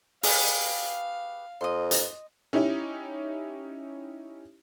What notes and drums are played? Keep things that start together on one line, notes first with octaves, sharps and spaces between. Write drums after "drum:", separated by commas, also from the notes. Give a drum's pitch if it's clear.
G4 G#4 B4 F5, drum: open hi-hat
F2 D#5 C6
drum: hi-hat
C#4 D#4 E4 G4